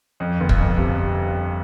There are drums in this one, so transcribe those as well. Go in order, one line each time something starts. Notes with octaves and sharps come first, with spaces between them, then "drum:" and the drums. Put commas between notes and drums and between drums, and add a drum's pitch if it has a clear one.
F2
G1
drum: kick
F2
C3